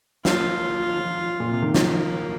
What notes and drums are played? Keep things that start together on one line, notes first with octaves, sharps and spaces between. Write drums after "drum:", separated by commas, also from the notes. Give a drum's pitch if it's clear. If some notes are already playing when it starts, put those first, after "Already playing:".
A#3 F4, drum: snare
F3
A#2
C3
D#3
F3 A#3, drum: snare